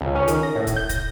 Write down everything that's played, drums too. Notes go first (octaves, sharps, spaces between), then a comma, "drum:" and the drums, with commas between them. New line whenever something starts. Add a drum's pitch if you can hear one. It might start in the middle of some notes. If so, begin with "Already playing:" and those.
C#2
C#4
D#3, drum: hi-hat
A#6
A2
drum: kick, hi-hat
G6
A#6, drum: kick, hi-hat